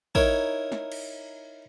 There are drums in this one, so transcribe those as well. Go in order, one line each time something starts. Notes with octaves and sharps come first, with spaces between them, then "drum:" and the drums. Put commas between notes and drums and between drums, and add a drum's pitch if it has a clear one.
D#4 E4 A#4 C#5, drum: kick
drum: snare
drum: cymbal